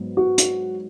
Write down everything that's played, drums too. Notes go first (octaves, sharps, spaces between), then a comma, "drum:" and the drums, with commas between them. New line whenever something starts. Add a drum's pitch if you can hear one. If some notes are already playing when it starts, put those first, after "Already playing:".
Already playing: G#2 F#3 B3
F#4
drum: hi-hat